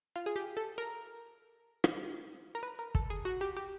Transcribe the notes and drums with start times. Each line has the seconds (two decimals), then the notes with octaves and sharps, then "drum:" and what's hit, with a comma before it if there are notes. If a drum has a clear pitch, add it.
0.16 F4
0.26 G#4
0.36 G4
0.57 A4
0.78 A#4
1.84 drum: rim click
2.55 A#4
2.63 B4
2.79 A#4
2.95 A4, drum: kick
3.10 G#4
3.25 F#4
3.41 G4
3.57 G4